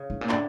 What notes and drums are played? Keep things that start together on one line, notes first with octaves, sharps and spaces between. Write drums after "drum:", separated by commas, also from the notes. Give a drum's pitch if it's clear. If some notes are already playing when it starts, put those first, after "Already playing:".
Already playing: C#3
A2
A#2
A2 D3, drum: clap